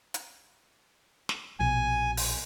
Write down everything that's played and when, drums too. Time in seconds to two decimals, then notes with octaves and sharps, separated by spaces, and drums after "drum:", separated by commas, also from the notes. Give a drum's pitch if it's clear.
0.14 drum: hi-hat
1.29 drum: snare
1.59 A#1 B2 G#5
2.17 drum: open hi-hat